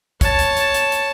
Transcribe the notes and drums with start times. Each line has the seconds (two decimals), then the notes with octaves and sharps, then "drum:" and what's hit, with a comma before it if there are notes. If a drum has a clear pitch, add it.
0.21 C#5 A5, drum: kick, hi-hat
0.39 drum: hi-hat
0.57 drum: hi-hat
0.74 drum: hi-hat
0.92 drum: hi-hat